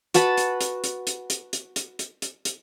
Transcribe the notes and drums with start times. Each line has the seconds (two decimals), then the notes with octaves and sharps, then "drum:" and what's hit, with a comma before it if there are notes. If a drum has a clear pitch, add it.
0.14 F#4 B4 A5 B5, drum: hi-hat
0.37 drum: hi-hat
0.61 drum: hi-hat
0.84 drum: hi-hat
1.07 drum: hi-hat
1.30 drum: hi-hat
1.53 drum: hi-hat
1.76 drum: hi-hat
1.99 drum: hi-hat
2.22 drum: hi-hat
2.45 drum: hi-hat